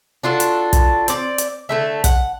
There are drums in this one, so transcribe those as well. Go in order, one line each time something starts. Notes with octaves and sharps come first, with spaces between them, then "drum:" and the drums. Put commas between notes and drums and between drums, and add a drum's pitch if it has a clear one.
D4 F4 F#4 A4
drum: hi-hat
drum: kick, hi-hat
C4 D5, drum: hi-hat
drum: hi-hat
D3 A3 E5
F#5, drum: kick, hi-hat